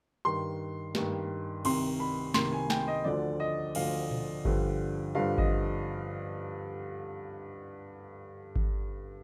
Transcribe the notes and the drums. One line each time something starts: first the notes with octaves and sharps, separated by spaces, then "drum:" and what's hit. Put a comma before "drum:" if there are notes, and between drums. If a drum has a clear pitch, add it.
G2 D#3 C6
G2 D#3, drum: snare
C2 C3 D#3 C6, drum: cymbal
B5
C2 C3 D#3 C6, drum: snare
G#5
G5, drum: snare
D#5
D2 D3 F3 D5
D#5
D2 D3 F3 F5, drum: cymbal
drum: tom A#2
G2 D3 F3, drum: kick G#1
G2 D3 F3 F5
D#5, drum: kick G#1
drum: kick G#1